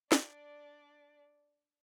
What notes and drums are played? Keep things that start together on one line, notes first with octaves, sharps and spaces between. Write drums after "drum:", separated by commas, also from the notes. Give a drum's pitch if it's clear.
D4 D5, drum: snare